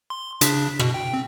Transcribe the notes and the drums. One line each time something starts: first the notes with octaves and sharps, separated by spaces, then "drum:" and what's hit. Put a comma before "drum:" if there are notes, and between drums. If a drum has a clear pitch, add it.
C6
C#3 D4 B6, drum: hi-hat
B2, drum: rim click
G5
C4